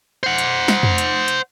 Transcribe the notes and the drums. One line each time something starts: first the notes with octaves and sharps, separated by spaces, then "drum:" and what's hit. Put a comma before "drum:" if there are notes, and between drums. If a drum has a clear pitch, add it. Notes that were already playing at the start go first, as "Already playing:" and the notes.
C5 F#5
drum: hi-hat
drum: snare
drum: tom
drum: hi-hat
drum: hi-hat